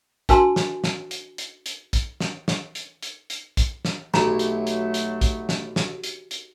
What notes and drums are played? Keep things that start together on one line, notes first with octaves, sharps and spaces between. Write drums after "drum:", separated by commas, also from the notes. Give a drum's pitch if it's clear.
D4 F#4 A#4 G#5 A5 C6, drum: kick, hi-hat
drum: snare
drum: snare
drum: hi-hat
drum: hi-hat
drum: hi-hat
drum: kick, hi-hat
drum: snare
drum: snare
drum: hi-hat
drum: hi-hat
drum: hi-hat
drum: kick, hi-hat
drum: snare
B1 F#3 A3 F#4 G4 A#5, drum: snare
drum: hi-hat
drum: hi-hat
drum: hi-hat
drum: kick, hi-hat
drum: snare
drum: snare
drum: hi-hat
drum: hi-hat